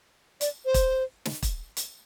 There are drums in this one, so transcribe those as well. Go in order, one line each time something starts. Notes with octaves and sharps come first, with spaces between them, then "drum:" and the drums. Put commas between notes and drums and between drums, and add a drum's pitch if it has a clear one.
D5, drum: hi-hat
C5
drum: kick, hi-hat
drum: snare
drum: kick, hi-hat
drum: hi-hat